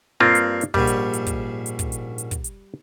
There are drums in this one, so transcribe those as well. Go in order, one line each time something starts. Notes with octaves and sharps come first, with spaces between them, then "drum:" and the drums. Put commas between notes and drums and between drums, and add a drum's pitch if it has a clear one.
G2 A#3 C4 F4
drum: hi-hat
drum: hi-hat
A#1 G#2 G3 C#4, drum: kick
drum: hi-hat
drum: hi-hat
drum: kick, hi-hat
drum: hi-hat
drum: kick, hi-hat
drum: hi-hat
drum: hi-hat
drum: kick, hi-hat
drum: hi-hat